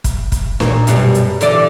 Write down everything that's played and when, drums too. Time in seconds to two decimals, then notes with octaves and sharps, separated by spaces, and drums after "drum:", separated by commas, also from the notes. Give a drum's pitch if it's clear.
0.04 drum: kick, hi-hat
0.32 drum: kick, hi-hat
0.60 A#2, drum: snare
0.87 F#2 B2 G3, drum: hi-hat
1.14 drum: hi-hat
1.41 D3 E3 D5, drum: hi-hat